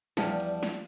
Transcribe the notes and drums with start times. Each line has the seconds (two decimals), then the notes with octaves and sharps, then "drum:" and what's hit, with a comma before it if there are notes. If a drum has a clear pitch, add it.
0.17 E2 F3 G3 D5, drum: snare
0.40 drum: cymbal
0.63 drum: snare